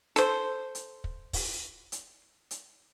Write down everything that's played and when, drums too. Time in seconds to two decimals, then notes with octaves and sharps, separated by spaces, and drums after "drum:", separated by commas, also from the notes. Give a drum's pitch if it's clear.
0.16 A4 C5, drum: hi-hat
0.75 drum: hi-hat
1.04 drum: kick
1.33 drum: kick, open hi-hat
1.92 drum: hi-hat
2.51 drum: hi-hat